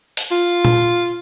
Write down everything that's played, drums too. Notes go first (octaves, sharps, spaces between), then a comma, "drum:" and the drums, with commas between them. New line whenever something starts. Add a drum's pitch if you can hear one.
drum: open hi-hat
F4
drum: tom A#2